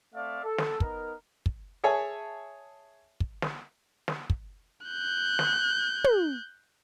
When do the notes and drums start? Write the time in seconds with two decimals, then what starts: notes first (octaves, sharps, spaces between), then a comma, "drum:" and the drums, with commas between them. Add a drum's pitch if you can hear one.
0.15 A3 C4 D5 E5 F5
0.45 A4
0.58 drum: snare
0.80 B3 D#4 A#4, drum: kick
1.46 drum: kick
1.84 G#4 C#5 E5 G#5 A5
3.20 drum: kick
3.42 drum: snare
4.08 drum: snare
4.30 drum: kick
4.86 F#6 G6
5.39 drum: snare
6.04 drum: tom